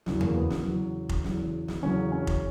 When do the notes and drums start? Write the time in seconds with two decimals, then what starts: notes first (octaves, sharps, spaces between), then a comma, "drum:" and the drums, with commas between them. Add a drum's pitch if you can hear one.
0.06 E2 C#3 F#3, drum: snare
0.21 A#3, drum: tom E2
0.36 B3
0.50 C#4, drum: snare
0.65 E2 C#3 F#3
1.09 drum: kick
1.24 E2 C#3 F#3, drum: snare
1.68 drum: snare
1.83 E2 C#3 F#3 C#4
2.12 C#4
2.27 drum: kick